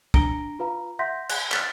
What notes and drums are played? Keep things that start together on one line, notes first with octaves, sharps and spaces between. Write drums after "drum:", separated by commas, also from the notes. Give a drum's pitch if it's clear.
D4 A#5 A#6 C#7 D7 G7, drum: kick
F4 B4 F5 A#5
E5 F#5 C6 G6 A#6 B6
F#6, drum: cymbal
F6 F#6 A6 B6, drum: clap